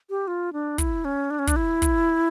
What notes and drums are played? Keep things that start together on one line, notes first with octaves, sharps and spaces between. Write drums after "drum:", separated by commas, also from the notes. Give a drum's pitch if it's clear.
G4
F4
D4
E4, drum: kick, hi-hat
C#4
D4
C#4
D4, drum: kick, hi-hat
E4
drum: kick, hi-hat